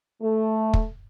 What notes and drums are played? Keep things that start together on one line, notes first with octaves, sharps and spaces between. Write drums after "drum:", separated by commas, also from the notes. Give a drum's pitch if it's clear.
A3
drum: kick